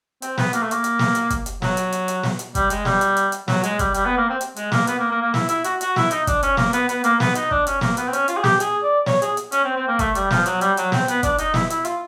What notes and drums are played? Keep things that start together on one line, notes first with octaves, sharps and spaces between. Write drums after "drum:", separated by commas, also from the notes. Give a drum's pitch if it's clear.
C4, drum: hi-hat
B3, drum: snare
A#3, drum: hi-hat
A3
A#3, drum: hi-hat
drum: hi-hat
drum: snare
drum: hi-hat
drum: kick, hi-hat
drum: hi-hat
F#3, drum: snare
drum: hi-hat
drum: hi-hat
drum: hi-hat
drum: snare
drum: hi-hat
G3, drum: kick, hi-hat
G#3, drum: hi-hat
G3, drum: snare
drum: hi-hat
drum: hi-hat
drum: hi-hat
F#3, drum: snare
G#3, drum: hi-hat
G3, drum: kick, hi-hat
G3, drum: hi-hat
B3
A#3
C4
drum: hi-hat
G#3, drum: hi-hat
A#3, drum: snare
B3, drum: hi-hat
A#3
A#3
A#3
E4, drum: snare
E4, drum: hi-hat
F#4, drum: hi-hat
F#4, drum: hi-hat
E4, drum: snare
D#4, drum: hi-hat
D4, drum: kick, hi-hat
C#4, drum: hi-hat
A#3, drum: snare
B3, drum: hi-hat
B3, drum: hi-hat
A#3, drum: hi-hat
B3, drum: snare
D#4, drum: hi-hat
D4, drum: kick
C#4, drum: hi-hat
A#3, drum: snare
B3, drum: hi-hat
C4
C#4, drum: hi-hat
F4, drum: hi-hat
G#4
G4, drum: snare
G#4, drum: hi-hat
D5
C#5, drum: snare
G#4, drum: hi-hat
drum: hi-hat
C#4, drum: hi-hat
C4
C4
A#3
A3, drum: kick, hi-hat
G3, drum: hi-hat
F3, drum: snare
F#3, drum: hi-hat
G3, drum: hi-hat
F#3, drum: hi-hat
C4, drum: snare
B3, drum: hi-hat
D4, drum: kick, hi-hat
D#4, drum: hi-hat
E4, drum: snare
E4, drum: hi-hat
F4, drum: hi-hat